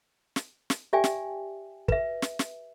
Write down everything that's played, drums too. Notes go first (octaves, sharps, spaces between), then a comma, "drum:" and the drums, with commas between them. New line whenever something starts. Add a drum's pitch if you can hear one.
drum: snare
drum: snare
G4 D5 E5 G5 G#5
drum: snare
B4 E5, drum: kick
drum: snare
drum: snare